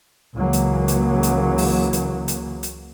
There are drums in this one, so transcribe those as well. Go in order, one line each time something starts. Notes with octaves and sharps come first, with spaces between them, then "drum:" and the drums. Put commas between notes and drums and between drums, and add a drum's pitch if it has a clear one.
C#2 C#3 E3 F#3 A#3
drum: hi-hat
drum: hi-hat
drum: hi-hat
drum: open hi-hat
drum: hi-hat
drum: hi-hat
drum: hi-hat